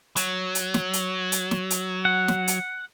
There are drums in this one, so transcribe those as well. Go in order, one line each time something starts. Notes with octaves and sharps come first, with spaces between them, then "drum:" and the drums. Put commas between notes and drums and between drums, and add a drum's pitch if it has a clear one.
F#3, drum: hi-hat
drum: hi-hat
drum: snare
drum: hi-hat
drum: hi-hat
drum: snare
drum: hi-hat
F#5
drum: snare
drum: hi-hat